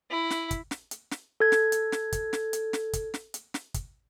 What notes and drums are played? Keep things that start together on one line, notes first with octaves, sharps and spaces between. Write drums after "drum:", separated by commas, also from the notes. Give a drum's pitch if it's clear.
E4
drum: snare
drum: kick, hi-hat
drum: snare
drum: hi-hat
drum: snare
A4 G#6
drum: snare
drum: hi-hat
drum: snare
drum: kick, hi-hat
drum: snare
drum: hi-hat
drum: snare
drum: kick, hi-hat
drum: snare
drum: hi-hat
drum: snare
drum: kick, hi-hat